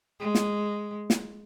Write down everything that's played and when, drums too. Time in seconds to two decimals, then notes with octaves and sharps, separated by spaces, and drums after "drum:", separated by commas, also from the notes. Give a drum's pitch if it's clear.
0.20 G#3
0.35 drum: snare
1.10 drum: snare